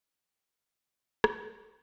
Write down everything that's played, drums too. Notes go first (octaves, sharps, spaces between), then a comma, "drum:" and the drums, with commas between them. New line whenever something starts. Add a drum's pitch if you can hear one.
F#2 B3 C4
F2
A#2 D3 E3 C5 D5 G5, drum: rim click